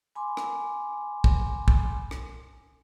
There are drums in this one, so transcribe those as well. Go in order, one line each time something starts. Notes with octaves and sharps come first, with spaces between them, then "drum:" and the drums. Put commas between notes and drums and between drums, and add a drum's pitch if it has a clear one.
G#5 B5 C6 D6
drum: rim click
drum: kick
drum: kick
drum: rim click